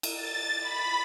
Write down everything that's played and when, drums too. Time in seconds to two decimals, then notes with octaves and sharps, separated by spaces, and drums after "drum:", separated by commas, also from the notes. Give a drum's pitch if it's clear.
0.03 drum: cymbal
0.15 A6
0.61 B5